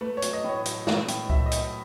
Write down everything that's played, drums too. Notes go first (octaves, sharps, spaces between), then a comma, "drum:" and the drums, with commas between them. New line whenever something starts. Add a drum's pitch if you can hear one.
A3 B4
C#5
F#3, drum: hi-hat
D#5
A2 C#5
F#3, drum: hi-hat
A3, drum: snare
A2, drum: hi-hat
F#3 E5, drum: kick C#2
D#5
F#3, drum: hi-hat